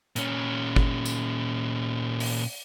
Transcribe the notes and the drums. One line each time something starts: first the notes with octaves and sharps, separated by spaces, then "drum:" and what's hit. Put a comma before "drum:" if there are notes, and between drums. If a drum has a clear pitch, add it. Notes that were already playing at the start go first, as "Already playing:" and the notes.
A#2 C#4, drum: hi-hat
drum: kick
drum: tambourine
drum: open hi-hat